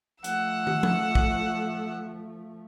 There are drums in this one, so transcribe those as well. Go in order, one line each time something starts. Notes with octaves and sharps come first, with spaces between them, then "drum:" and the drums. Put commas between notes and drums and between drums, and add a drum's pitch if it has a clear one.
F3 A3 F#5 E6, drum: hi-hat
drum: tom
drum: tom F3
drum: kick